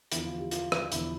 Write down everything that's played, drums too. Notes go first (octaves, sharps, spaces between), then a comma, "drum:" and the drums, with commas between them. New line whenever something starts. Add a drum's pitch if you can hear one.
E2 D3 F3 E4, drum: hi-hat
F4
G4
F4, drum: hi-hat
drum: rim click
E1 E2 D3 F3 E4, drum: hi-hat